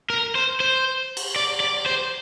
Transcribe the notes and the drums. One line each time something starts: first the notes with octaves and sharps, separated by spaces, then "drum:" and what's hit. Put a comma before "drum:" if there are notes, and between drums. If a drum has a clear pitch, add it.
A#4
C5
C5
drum: cymbal
D5
D5
C5